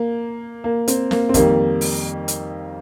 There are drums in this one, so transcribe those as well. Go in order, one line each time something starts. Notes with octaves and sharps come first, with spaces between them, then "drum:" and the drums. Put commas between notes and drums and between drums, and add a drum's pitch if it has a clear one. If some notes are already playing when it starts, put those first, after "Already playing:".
Already playing: A#3
A#3
C4, drum: hi-hat
A#3, drum: snare
C4
F2 D#3 G3 A#3, drum: kick, hi-hat
drum: open hi-hat
drum: hi-hat